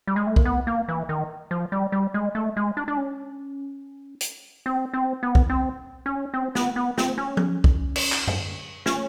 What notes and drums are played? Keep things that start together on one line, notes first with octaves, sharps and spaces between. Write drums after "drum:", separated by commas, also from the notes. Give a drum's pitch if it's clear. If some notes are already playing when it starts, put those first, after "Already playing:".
G3
G#3
A3
A#3, drum: kick B1
B3
A#3
E3
D#3
F3
G3
G3
G#3
A3
G#3
D4
D4
C#4
drum: hi-hat
C4
C4
B3
drum: kick B1
C4
C#4
C4
B3, drum: snare
B3
C4, drum: snare
C#4
drum: tom F3
drum: kick B1
drum: cymbal
drum: clap
drum: tom F#2
C#4, drum: snare